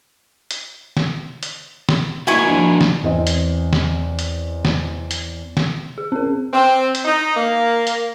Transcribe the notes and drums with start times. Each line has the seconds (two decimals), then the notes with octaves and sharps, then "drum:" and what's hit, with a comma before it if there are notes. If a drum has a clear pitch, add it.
0.51 drum: hi-hat
0.97 drum: snare
1.43 drum: hi-hat
1.89 drum: snare
2.27 A#3 D#4 E4 F#4 G#5 C#6
2.47 F3 D4 F4
2.81 drum: snare
3.04 E2 C4 D#5
3.27 drum: hi-hat
3.73 drum: snare
4.19 drum: hi-hat
4.65 drum: snare
5.11 drum: hi-hat
5.57 drum: snare
5.98 G#4
6.12 C4 C#4 A#4
6.53 C4
6.95 drum: hi-hat
7.05 D#4
7.36 A#3
7.87 drum: hi-hat